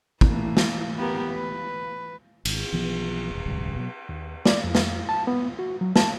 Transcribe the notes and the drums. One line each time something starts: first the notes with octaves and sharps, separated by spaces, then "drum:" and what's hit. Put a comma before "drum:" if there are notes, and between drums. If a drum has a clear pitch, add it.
E3 A3 A#3, drum: kick
drum: snare
B3 G4 A#4
B4
G#1, drum: cymbal
B1 E3 F3 B3
D#1 G#1
D#1 G#1 C#2 F#2
B2 F#3
D#2
D5, drum: snare
F2
drum: snare
A5
B3
F#4
F#3
A5, drum: snare